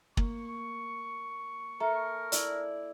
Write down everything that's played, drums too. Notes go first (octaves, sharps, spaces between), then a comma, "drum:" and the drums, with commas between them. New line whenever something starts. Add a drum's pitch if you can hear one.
A#3 C#6, drum: kick
A4 A#4 E5 A#5
E4 D5, drum: hi-hat